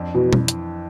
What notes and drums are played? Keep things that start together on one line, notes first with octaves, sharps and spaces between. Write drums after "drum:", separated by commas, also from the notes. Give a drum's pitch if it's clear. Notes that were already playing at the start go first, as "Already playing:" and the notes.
Already playing: F2 D4
B2 E3
drum: tom B2
drum: hi-hat